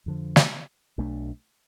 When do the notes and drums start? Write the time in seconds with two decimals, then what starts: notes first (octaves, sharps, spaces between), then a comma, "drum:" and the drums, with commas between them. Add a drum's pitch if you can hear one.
0.06 F2 D3 F3
0.36 drum: snare
0.98 B1 B2 A3 D4